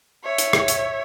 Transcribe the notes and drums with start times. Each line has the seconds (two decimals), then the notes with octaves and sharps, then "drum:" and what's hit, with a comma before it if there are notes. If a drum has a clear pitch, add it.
0.24 C#5 E5
0.38 drum: hi-hat
0.53 drum: rim click
0.68 drum: hi-hat